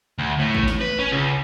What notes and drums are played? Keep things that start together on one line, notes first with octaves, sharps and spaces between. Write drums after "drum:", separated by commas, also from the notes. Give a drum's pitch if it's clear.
D2
A2
drum: kick A1
drum: snare
B4
C#4
C#2